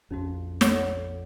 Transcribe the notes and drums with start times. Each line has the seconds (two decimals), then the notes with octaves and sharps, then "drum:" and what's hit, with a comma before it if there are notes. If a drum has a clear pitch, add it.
0.11 A#1 F2 C#4 D#4 F#4
0.61 A4 C#5 F#5 D6, drum: snare